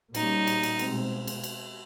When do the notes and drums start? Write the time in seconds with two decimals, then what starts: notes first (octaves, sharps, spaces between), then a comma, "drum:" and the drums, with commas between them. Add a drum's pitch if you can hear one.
0.15 A#2 G3 A#3 C#4 D#4, drum: cymbal
0.47 drum: cymbal
0.63 drum: cymbal
0.79 B2 G#3 C4, drum: cymbal
1.27 drum: cymbal
1.44 drum: cymbal